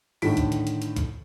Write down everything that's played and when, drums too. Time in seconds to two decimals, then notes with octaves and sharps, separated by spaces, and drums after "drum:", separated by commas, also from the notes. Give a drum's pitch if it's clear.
0.22 A2 D3 D#3 B6 D7, drum: open hi-hat
0.37 drum: kick, hi-hat
0.52 drum: hi-hat
0.67 drum: hi-hat
0.82 drum: hi-hat
0.96 drum: kick, hi-hat